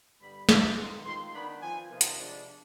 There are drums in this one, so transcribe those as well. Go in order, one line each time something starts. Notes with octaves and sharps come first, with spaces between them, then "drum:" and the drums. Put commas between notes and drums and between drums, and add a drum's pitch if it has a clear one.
G2 D3 G3 B3 B5
G#2 G3 D4 F4, drum: snare
D#3 G#3 B3 F4 C6
D#3 G#3 C4 F4 C6
D#3 B3 D4 B5
F3 C4 F4 G#5
C3 D#3 B3 F4
drum: hi-hat
C3 F3 G#3 B3 D4